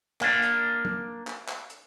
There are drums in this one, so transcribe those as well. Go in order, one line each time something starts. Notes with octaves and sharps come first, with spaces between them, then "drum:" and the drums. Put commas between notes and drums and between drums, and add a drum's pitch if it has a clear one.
A#3 D4, drum: clap
drum: hi-hat
drum: tom
drum: clap
drum: clap
drum: hi-hat